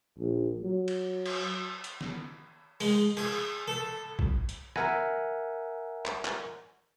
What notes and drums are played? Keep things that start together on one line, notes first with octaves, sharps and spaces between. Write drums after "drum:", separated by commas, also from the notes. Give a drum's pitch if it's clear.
A#1
F#3
drum: cymbal
drum: cymbal
drum: hi-hat
drum: snare
G#3, drum: open hi-hat
G#4, drum: cymbal
A4
drum: kick A1
drum: hi-hat
A#4 E5 F#5 G#5, drum: rim click
drum: clap
drum: clap